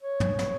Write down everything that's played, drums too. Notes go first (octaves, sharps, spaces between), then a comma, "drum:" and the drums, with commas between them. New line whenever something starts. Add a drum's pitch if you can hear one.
C#5
drum: tom
drum: snare